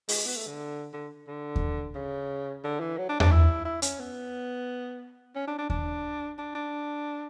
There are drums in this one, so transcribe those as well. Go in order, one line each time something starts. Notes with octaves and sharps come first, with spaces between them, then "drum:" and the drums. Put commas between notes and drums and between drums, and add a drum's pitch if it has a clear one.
G#3, drum: open hi-hat
B3
A3
D3
D3
D3
drum: kick D#2
C#3
D3
E3
F#3
D4
D4, drum: tom E2
E4
E4
C#4, drum: hi-hat
B3
C#4
D4
D4
D4, drum: kick D#2
D4
D4